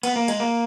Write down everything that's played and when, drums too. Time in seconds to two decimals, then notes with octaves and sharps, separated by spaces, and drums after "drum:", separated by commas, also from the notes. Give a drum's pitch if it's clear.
0.03 B3, drum: cymbal
0.16 A#3
0.28 G#3, drum: cymbal
0.40 A#3